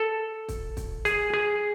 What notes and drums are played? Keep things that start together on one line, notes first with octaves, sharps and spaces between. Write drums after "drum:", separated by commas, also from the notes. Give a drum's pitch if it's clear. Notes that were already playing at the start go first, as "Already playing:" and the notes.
Already playing: A4
drum: kick, hi-hat
drum: kick, hi-hat
G#4, drum: hi-hat
G#4